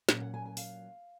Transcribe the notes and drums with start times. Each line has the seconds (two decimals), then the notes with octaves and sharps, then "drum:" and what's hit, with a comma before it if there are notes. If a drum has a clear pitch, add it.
0.09 A#2 F#3 C#4 F#5, drum: snare
0.22 F#5
0.34 G#5
0.46 G#5
0.57 F5, drum: open hi-hat